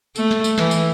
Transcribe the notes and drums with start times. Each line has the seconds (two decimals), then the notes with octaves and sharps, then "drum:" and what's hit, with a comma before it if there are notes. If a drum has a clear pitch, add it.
0.16 A3, drum: tambourine
0.31 drum: snare
0.44 drum: tambourine
0.58 E3, drum: snare
0.71 drum: tambourine